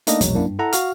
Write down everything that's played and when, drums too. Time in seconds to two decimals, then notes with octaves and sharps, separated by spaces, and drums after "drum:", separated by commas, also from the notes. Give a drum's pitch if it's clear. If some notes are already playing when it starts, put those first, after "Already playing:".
0.07 A3 A#3 D4 D#4 A#4 D#5, drum: hi-hat
0.21 A#1 E2 B2 F#3 G#3, drum: hi-hat
0.35 F#2 A#3 D4 E4
0.46 G2
0.59 E4 A4 F#5 A#5
0.73 F#4 F5 F6, drum: hi-hat